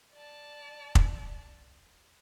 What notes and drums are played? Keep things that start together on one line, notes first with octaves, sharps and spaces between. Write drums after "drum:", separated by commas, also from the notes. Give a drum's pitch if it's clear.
D5 A5
drum: kick